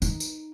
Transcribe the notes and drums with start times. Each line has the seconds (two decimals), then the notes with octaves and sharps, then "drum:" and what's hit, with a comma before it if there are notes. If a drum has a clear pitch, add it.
0.02 D#4, drum: tambourine
0.20 drum: tambourine